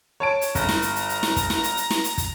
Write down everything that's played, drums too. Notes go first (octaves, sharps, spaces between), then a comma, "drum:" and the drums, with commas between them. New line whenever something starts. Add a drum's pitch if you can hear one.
C#5 A5 D7
drum: hi-hat
G1 A#5, drum: kick, hi-hat
drum: snare
drum: hi-hat
drum: hi-hat
drum: hi-hat
drum: snare
drum: kick, hi-hat
drum: snare
drum: hi-hat
drum: hi-hat
drum: snare
drum: hi-hat
drum: kick, hi-hat